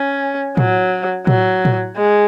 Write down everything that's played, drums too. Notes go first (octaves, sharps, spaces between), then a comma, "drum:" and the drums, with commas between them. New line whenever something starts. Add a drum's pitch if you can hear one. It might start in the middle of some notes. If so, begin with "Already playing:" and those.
Already playing: C#4
F#3, drum: tom A2
F#3, drum: tom A2
drum: tom A2
G#3